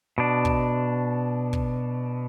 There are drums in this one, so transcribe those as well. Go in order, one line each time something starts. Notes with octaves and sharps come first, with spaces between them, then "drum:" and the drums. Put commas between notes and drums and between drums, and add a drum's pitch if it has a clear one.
B2 D4
drum: kick
drum: kick